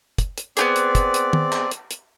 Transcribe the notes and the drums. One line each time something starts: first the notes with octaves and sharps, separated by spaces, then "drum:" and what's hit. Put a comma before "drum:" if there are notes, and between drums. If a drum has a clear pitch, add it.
drum: kick, hi-hat
drum: hi-hat
B3 C4 G4 G#4 D5, drum: hi-hat
drum: hi-hat
drum: kick, hi-hat
drum: hi-hat
drum: tom
drum: clap
drum: hi-hat
drum: hi-hat